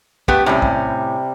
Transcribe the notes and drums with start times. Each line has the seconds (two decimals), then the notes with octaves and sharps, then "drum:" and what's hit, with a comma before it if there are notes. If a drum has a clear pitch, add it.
0.28 A3 B3 G4, drum: kick
0.46 A2 C3 G3 C#4
0.62 drum: kick